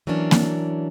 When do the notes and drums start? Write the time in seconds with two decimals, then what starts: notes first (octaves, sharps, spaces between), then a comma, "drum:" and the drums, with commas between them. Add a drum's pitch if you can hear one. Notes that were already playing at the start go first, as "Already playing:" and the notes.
0.07 E3 F#3 A#3 C#4 D4
0.31 drum: snare A#3